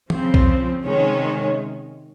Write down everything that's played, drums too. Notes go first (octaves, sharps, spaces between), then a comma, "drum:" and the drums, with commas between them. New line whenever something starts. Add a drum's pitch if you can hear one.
C#3 F3 C4, drum: tom E3
drum: kick B1
C3 D#3 G#3 C#4